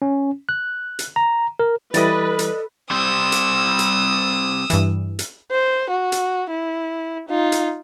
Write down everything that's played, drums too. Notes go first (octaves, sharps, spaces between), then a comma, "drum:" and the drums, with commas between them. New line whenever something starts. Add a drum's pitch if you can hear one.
C#4
F#6
drum: hi-hat
A#5
A#4
E3 G3 E4 A4 B4 D5 D#5, drum: hi-hat
drum: hi-hat
G3 C4 C5 D#6 E6
drum: hi-hat
drum: hi-hat
G2 E3, drum: hi-hat
drum: hi-hat
C5
F#4
drum: hi-hat
E4
D#4 F4
drum: hi-hat